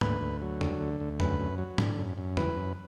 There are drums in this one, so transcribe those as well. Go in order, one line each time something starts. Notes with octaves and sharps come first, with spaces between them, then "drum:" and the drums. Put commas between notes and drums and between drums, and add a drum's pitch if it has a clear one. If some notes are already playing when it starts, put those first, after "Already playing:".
D2 B4, drum: tom G#2
D2
F#3
D3, drum: tom E2
D2
D2
F#2 B4, drum: tom E2
F#2
F#3
D3, drum: tom G#2
F#2
F#2
E3 B4, drum: tom E2
F#2